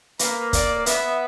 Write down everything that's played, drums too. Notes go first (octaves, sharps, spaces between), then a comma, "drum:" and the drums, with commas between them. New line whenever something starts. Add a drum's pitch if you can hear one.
A#3 B4, drum: hi-hat
D5, drum: kick, hi-hat
B3 E5, drum: hi-hat